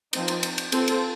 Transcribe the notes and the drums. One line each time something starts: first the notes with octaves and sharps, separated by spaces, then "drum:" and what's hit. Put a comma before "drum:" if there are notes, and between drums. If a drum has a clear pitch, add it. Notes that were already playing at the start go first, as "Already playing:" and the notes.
F3 C4 D#4, drum: cymbal
drum: cymbal
drum: cymbal
drum: cymbal
C4 F4 A4 C5, drum: cymbal
drum: cymbal